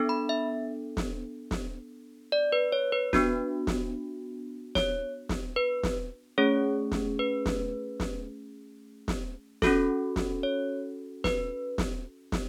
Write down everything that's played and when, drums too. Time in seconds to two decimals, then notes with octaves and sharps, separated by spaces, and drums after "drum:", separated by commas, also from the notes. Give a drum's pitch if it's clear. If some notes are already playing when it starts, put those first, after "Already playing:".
Already playing: B3 D4 A4
0.09 B5
0.29 E5
0.97 drum: snare
1.51 drum: snare
2.32 D5
2.52 B4
2.72 C#5
2.92 B4
3.13 B3 D4 F#4, drum: snare
3.67 drum: snare
4.75 C#5, drum: snare
5.29 drum: snare
5.56 B4
5.83 drum: snare
6.38 A3 C#4 G#4 C#5
6.92 drum: snare
7.19 B4
7.46 drum: snare
8.00 drum: snare
9.08 drum: snare
9.62 C#4 F#4 A4, drum: snare
10.16 drum: snare
10.43 C#5
11.24 B4, drum: snare
11.78 drum: snare
12.32 drum: snare